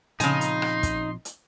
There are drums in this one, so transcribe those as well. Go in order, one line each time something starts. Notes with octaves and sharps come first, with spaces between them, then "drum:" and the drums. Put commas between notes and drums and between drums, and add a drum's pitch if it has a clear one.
A#2 C#3 F3 C4 D#4 G#5 C6, drum: hi-hat
drum: hi-hat
drum: rim click
drum: kick, hi-hat
drum: hi-hat